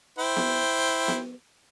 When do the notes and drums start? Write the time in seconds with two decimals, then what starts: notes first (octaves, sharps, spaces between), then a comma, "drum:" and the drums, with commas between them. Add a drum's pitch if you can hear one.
0.19 E4 C5 G5
0.36 drum: snare B3
1.08 drum: snare B3